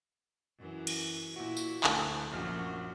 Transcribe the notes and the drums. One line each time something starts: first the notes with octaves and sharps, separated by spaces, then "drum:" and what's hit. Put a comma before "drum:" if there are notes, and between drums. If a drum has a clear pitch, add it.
F#2 E3
drum: cymbal
A#2 E4 F#4
drum: tambourine
D2 A3, drum: clap
A#1 F#2 F3 F#4 F6